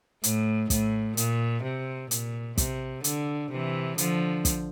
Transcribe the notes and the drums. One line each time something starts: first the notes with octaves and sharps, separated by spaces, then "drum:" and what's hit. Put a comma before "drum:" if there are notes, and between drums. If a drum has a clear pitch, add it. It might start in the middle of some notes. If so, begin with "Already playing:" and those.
A2, drum: hi-hat
A2, drum: kick, hi-hat
A#2, drum: hi-hat
C3
A#2, drum: hi-hat
C3, drum: kick, hi-hat
D3, drum: hi-hat
C3 E3
D3 F3, drum: hi-hat
drum: kick, hi-hat